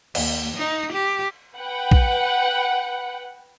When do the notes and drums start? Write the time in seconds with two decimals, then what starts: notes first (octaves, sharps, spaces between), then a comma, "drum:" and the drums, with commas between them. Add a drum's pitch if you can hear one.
0.15 D#2, drum: cymbal
0.57 D#4
0.92 G4
1.56 B4 F#5 G5
1.91 drum: kick A#1